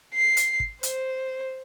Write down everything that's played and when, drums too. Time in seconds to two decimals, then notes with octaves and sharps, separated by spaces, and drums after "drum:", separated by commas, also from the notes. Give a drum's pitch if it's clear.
0.14 C7
0.37 drum: hi-hat
0.60 drum: kick
0.83 C5, drum: hi-hat